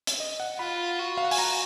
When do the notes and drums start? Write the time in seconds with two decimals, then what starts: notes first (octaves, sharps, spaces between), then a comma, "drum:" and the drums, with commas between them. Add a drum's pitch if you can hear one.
0.07 drum: hi-hat
0.20 D#5
0.40 F#5
0.59 F4 B5
0.99 F#4
1.17 F5
1.24 F#5
1.31 G#5, drum: open hi-hat
1.38 A#5